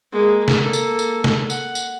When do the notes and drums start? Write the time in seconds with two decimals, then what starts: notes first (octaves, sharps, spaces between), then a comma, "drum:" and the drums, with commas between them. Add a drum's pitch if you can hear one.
0.12 G#3 A#3
0.48 drum: snare
0.59 A#3 A4
0.73 drum: tambourine
0.99 drum: tambourine
1.24 drum: snare
1.50 F#5, drum: tambourine
1.75 drum: tambourine